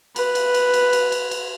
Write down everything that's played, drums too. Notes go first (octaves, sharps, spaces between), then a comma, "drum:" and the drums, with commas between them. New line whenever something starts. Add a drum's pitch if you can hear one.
B4, drum: cymbal
drum: cymbal
drum: cymbal
drum: cymbal
drum: cymbal
drum: cymbal
drum: cymbal